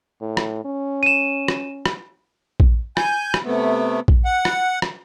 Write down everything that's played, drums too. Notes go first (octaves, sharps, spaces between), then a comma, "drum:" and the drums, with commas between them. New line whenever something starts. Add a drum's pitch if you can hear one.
A2
drum: rim click
C#4
D#7 E7
drum: rim click
drum: rim click
drum: kick A#1
G#5 G6, drum: rim click
drum: rim click
C3 A3 B3
drum: kick A#1
F#5
drum: rim click
drum: rim click